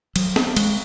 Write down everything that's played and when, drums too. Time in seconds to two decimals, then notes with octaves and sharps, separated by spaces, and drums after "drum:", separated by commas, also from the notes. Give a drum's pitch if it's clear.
0.16 F#3, drum: cymbal
0.36 B3, drum: snare
0.56 G#3, drum: cymbal